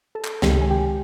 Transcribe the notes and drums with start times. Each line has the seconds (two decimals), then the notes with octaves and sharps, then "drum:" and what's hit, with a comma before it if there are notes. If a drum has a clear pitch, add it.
0.15 A4 A5
0.25 drum: clap
0.42 C#2 C3 D#3 G#3 G4 G5, drum: snare
0.61 G#5
0.70 G4 G5